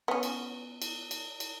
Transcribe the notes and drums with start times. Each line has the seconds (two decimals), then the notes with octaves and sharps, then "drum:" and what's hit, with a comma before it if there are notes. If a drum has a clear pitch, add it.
0.08 B3 C#4
0.23 drum: cymbal
0.82 drum: cymbal
1.11 drum: cymbal
1.40 drum: cymbal